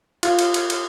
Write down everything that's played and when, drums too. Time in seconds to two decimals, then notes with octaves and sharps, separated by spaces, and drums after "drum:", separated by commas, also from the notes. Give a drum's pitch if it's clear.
0.23 F4, drum: cymbal
0.39 drum: cymbal
0.54 drum: cymbal
0.70 drum: cymbal